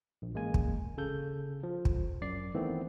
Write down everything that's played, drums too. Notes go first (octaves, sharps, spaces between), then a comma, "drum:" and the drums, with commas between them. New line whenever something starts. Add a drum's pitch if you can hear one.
A#1
A1 G#3 A#3 G#5
drum: kick
C#3 A4 G6
F3
drum: kick
F#2 D5 C7
D#3 E3 A3 B3 C4